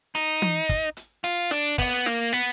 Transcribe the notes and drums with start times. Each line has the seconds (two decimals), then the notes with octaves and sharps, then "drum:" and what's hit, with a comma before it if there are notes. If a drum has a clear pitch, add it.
0.15 D#4, drum: hi-hat
0.42 drum: tom E3
0.69 drum: kick, hi-hat
0.97 drum: hi-hat
1.24 F4, drum: hi-hat
1.51 D4, drum: snare
1.78 B3, drum: kick, open hi-hat
2.06 A#3, drum: snare
2.33 B3, drum: hi-hat